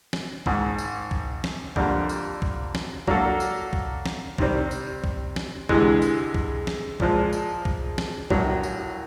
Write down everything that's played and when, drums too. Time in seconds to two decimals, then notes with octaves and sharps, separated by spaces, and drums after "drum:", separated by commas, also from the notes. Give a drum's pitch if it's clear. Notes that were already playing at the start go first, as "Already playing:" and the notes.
0.13 drum: snare
0.46 G#1 G#2 D#3, drum: kick
0.78 drum: tambourine
1.11 drum: kick
1.44 drum: snare
1.76 F2 D3 G3 A#3, drum: kick
2.09 drum: tambourine
2.42 drum: kick
2.75 drum: snare
3.07 F#3 A#3 D4 F#4 A4, drum: kick
3.40 drum: tambourine
3.73 drum: kick
4.06 drum: snare
4.38 C3 D#3 G3 C4, drum: kick
4.71 drum: tambourine
5.04 drum: kick
5.36 drum: snare
5.69 D2 C3 E3 G#3, drum: kick
6.02 drum: tambourine
6.34 drum: kick
6.67 drum: snare
7.00 A#2 F3 G#3, drum: kick
7.33 drum: tambourine
7.65 drum: kick
7.98 drum: snare
8.30 A#1 A2 F#3, drum: kick
8.63 drum: tambourine